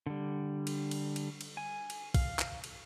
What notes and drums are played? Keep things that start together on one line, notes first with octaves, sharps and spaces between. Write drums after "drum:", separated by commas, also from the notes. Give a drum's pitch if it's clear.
D3 G3
drum: cymbal
drum: cymbal
drum: cymbal
drum: cymbal
G#5
drum: cymbal
F5, drum: kick, cymbal
drum: clap
drum: cymbal